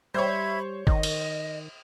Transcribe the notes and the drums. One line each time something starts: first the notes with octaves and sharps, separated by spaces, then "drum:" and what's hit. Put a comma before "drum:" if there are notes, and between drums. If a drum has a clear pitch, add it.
G3 C5 C#5 E5 B5 G#6
D#3 D#5, drum: kick G1
drum: cymbal